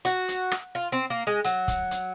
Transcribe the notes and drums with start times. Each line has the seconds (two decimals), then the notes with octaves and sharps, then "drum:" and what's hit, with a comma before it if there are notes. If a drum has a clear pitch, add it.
0.05 F#4, drum: hi-hat
0.28 drum: hi-hat
0.52 drum: rim click
0.75 F4
0.92 C4
1.10 A#3
1.27 G#3
1.45 F#3, drum: hi-hat
1.68 drum: kick, hi-hat
1.91 drum: hi-hat